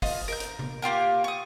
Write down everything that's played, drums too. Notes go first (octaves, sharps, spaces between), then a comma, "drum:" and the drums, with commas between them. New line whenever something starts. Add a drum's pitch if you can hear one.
F4 D#5, drum: kick, open hi-hat
A#4 G6
drum: hi-hat
drum: tom C3
A#3 F4 G4 A#4
C#6 D#6